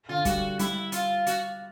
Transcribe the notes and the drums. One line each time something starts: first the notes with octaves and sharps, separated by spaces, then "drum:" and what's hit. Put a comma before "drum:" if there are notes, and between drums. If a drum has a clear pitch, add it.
D3 F4
G3 F#4, drum: kick, hi-hat
G3 E4, drum: hi-hat
F4, drum: hi-hat
F#4, drum: hi-hat